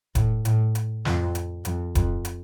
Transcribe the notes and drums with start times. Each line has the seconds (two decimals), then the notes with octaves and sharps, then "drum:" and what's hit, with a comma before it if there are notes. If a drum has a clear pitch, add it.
0.15 A2, drum: kick D#1, hi-hat
0.45 A2, drum: hi-hat
0.75 drum: hi-hat
1.05 F2, drum: snare
1.35 drum: hi-hat
1.65 F2, drum: hi-hat
1.95 F2, drum: kick D#1, hi-hat
2.25 drum: hi-hat